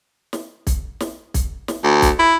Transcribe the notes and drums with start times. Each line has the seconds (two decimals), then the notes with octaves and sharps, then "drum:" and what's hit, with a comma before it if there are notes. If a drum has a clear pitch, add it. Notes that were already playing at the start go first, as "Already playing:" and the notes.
0.33 drum: snare
0.67 drum: kick, hi-hat
1.00 drum: snare
1.34 drum: kick, hi-hat
1.68 drum: snare
1.84 D2
2.02 drum: kick, hi-hat
2.19 E4